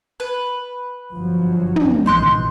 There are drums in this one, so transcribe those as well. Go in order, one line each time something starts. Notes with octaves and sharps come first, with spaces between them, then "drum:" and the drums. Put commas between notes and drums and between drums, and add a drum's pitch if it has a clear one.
B4
G1 F3 F#3
drum: tom
A#1 E3 D#4 C6 F#6